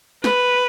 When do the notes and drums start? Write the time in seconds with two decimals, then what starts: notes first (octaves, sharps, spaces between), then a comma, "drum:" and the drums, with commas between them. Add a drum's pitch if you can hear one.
0.24 B4, drum: snare